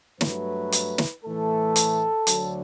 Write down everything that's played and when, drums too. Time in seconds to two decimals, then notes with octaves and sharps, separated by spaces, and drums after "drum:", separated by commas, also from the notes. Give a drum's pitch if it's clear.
0.21 G2 F#3 A3 B4, drum: snare
0.72 drum: hi-hat
0.98 drum: snare
1.24 A2 E3 A3 A4
1.76 drum: hi-hat
2.27 D2 D3 F#3 A3, drum: hi-hat